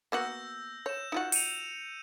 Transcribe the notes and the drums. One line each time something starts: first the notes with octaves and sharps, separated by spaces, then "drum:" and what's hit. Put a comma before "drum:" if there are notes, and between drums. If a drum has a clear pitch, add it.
A#3 B3 F#4 E6 G6 A#6
C#5 G6 E7
D#4 F4 F#4
C#7 D#7 F7, drum: open hi-hat